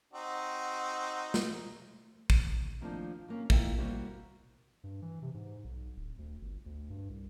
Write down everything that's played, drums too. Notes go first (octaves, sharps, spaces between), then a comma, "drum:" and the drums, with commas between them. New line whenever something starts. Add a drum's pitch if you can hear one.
C4 D#4 F#4
drum: snare
drum: kick
D2 D#3 F3 A#3 D4
F#3 A#3 C#4
D#2 A#3 E4 F4 E5 G5, drum: kick
G3 A#3 E4 F#4 C5
G2
E3
C3
G#2
B1
D1
D2
G1
D2
G2
C2